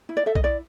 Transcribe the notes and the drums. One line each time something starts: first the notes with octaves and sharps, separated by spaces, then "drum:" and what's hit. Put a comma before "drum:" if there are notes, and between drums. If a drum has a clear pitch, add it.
E4
D5
A4 E5
D#5, drum: kick B1
E4 D5